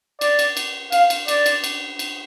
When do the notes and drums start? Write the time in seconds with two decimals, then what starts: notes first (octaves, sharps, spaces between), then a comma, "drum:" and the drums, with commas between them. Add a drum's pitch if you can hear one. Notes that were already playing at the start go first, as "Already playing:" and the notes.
0.21 D5, drum: cymbal
0.39 drum: cymbal
0.57 drum: cymbal
0.92 F5, drum: cymbal
1.10 drum: cymbal
1.28 D5, drum: cymbal
1.46 drum: cymbal
1.64 drum: cymbal
1.99 drum: cymbal